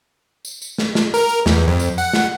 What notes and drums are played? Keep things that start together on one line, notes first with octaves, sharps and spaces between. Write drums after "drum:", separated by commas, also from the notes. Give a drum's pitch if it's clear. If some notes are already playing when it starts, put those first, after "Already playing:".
drum: tambourine
drum: tambourine
drum: snare
drum: snare
A#4, drum: tambourine
drum: tambourine
E2, drum: snare
F2
drum: tambourine
F#5, drum: tambourine
drum: snare